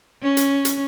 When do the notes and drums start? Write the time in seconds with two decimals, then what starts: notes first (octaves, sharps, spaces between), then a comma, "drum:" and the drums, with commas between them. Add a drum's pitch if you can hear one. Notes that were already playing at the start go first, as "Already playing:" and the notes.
0.22 C#4
0.37 drum: hi-hat
0.65 drum: hi-hat